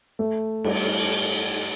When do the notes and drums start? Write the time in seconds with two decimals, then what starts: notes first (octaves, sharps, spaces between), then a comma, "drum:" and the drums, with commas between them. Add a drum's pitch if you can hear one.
0.19 A3
0.64 G3, drum: cymbal